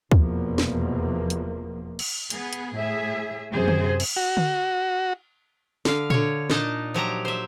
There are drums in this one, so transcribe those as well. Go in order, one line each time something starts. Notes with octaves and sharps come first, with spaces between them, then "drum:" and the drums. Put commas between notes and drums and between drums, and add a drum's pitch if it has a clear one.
F1 E2 B2 F3 A#3, drum: kick
drum: snare
drum: hi-hat
drum: cymbal
B3 G#4, drum: hi-hat
drum: hi-hat
A2 G#4 E5
F#2 C3 G#4 C5
drum: tom D3
drum: cymbal
F#4
drum: tom D3
D3 F5, drum: snare
D3 C#5, drum: tom A#2
A#2 D4 D#4 D#5 A5, drum: snare
F3 F#3 G4 A#5
C5 E5